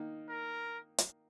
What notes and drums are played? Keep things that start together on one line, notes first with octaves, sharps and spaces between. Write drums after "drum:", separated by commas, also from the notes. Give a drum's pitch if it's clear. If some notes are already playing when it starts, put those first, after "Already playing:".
Already playing: D#3 A#3 D#4
A#4
drum: hi-hat